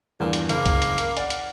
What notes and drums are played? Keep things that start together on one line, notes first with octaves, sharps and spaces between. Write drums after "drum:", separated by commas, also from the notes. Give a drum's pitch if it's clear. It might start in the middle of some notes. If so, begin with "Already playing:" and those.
E2 G2 A#2
drum: hi-hat
F#1 A#3, drum: hi-hat
drum: kick C2, hi-hat
drum: hi-hat
drum: hi-hat
D5 F#5, drum: hi-hat
drum: hi-hat